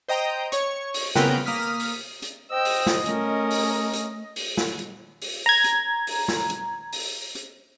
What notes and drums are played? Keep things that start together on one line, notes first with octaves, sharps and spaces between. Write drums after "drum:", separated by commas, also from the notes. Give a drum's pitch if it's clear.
C5 D#5 G5 A#5
C#5 C#6, drum: hi-hat
drum: open hi-hat
C#3 B3 C4 A#4 B4 G5, drum: snare
A#3 D#6 F6 B6
drum: open hi-hat
drum: hi-hat
C5 D#5 G5 E6
drum: open hi-hat
drum: snare
A3 C#4 A#4, drum: hi-hat
drum: open hi-hat
drum: hi-hat
drum: open hi-hat
drum: snare
drum: hi-hat
drum: open hi-hat
A#5 G#6
drum: hi-hat
drum: open hi-hat
drum: snare
drum: hi-hat
drum: open hi-hat
drum: hi-hat